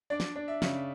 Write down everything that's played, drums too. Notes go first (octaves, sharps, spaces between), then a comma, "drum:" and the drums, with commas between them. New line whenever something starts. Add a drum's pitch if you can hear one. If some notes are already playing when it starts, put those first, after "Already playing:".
D4 D5
drum: snare
D4
E5
C#3, drum: snare